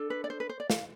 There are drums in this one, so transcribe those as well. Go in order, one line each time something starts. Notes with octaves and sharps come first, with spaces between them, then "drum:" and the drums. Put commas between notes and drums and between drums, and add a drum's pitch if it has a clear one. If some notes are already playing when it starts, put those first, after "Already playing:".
Already playing: D4 A4
B4
D5
C5
B4
C5
D5
F5, drum: snare